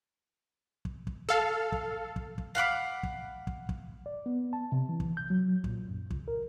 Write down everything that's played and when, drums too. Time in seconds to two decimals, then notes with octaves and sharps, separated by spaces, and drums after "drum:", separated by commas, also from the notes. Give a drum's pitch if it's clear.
0.85 drum: kick
1.07 drum: kick
1.29 A4 F5
1.72 drum: kick
2.16 drum: kick
2.38 drum: kick
2.55 F5 F#5 B5 D6
3.03 drum: kick
3.47 drum: kick
3.69 drum: kick
4.06 D5
4.26 B3
4.53 A5
4.72 C3
4.89 E3
5.00 drum: kick
5.17 G6
5.30 F#3
5.64 A#2, drum: kick
5.89 F#2
6.10 C#2, drum: kick
6.28 A#4